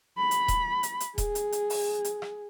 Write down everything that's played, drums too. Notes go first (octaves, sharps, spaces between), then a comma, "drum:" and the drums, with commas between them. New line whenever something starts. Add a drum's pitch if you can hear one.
B5
drum: hi-hat
drum: kick D#1, hi-hat
drum: hi-hat
drum: hi-hat
G#4, drum: kick D#1, hi-hat
drum: hi-hat
drum: hi-hat
drum: open hi-hat
drum: hi-hat
drum: rim click